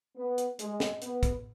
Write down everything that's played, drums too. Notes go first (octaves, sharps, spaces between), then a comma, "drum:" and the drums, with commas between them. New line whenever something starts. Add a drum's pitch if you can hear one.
B3
drum: hi-hat
G#3, drum: hi-hat
drum: snare
B3, drum: hi-hat
drum: kick, hi-hat